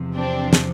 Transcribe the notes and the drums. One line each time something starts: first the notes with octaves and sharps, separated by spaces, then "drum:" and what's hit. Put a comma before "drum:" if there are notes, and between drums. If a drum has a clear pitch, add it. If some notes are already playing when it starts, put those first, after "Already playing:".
Already playing: E2 C3 F3
C4 D4
drum: snare